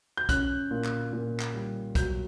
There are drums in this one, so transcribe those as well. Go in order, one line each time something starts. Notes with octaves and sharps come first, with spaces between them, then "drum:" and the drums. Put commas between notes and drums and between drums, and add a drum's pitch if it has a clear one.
G6
C#4 F#6, drum: kick, hi-hat
A#2
drum: clap
A#2
drum: clap
G3
F#3 G6, drum: kick, hi-hat